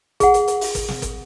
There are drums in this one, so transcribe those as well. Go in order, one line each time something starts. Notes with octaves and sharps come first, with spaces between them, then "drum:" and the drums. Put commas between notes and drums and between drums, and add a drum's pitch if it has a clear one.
G#4 F#5, drum: kick, hi-hat
drum: hi-hat
drum: hi-hat
drum: open hi-hat
drum: kick, hi-hat
drum: snare
drum: kick, hi-hat